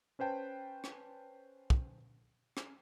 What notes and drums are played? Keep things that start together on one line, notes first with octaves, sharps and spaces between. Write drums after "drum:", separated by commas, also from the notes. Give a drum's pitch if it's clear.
C#4 B4 C5 G5 A5
drum: rim click
drum: kick
drum: rim click